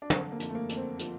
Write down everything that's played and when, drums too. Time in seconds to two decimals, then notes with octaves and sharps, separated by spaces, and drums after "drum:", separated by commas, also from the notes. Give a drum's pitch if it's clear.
0.02 D4
0.10 D3 C4, drum: tom
0.32 A#3
0.40 F2, drum: hi-hat
0.49 A3
0.55 A#3
0.69 F2, drum: hi-hat
0.77 C4
0.99 F3, drum: hi-hat